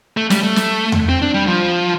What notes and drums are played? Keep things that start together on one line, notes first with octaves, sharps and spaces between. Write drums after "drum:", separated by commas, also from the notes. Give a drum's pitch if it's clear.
A3
G3, drum: snare
A3
drum: snare
drum: tom E2
C4
D4
G3
F3